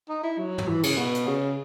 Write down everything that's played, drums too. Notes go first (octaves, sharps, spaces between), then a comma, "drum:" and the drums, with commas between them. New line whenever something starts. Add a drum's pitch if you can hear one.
D#4
E4
F#3
drum: tom
E3
C#3, drum: cymbal
B2
drum: hi-hat
C#3